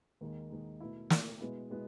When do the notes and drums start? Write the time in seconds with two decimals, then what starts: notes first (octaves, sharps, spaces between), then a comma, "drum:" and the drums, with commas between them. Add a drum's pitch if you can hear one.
0.21 D#2 D#3 G#3 D#4
0.50 D#2 D#3 G#3 D#4
0.80 B2 A3 E4
1.10 B2 A3 E4, drum: snare
1.40 B2 G#3 B3 E4
1.70 B2 G#3 B3 E4